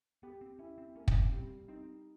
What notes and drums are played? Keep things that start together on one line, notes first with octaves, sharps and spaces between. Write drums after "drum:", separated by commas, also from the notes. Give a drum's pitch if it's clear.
B3 G4
C4
C#4 E4
C4
A#3 C#4
C4, drum: kick
C#4
G3 C4
C4 D#4